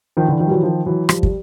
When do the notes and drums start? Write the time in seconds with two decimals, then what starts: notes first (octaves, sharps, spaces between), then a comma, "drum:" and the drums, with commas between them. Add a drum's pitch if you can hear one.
0.17 D#3 F3
0.28 D3 E3
0.40 D#3 F3
0.47 G3
0.51 E3 F#3
0.63 D#3 F3
0.86 E3 F#3
1.09 F3 G3, drum: rim click
1.23 G3, drum: kick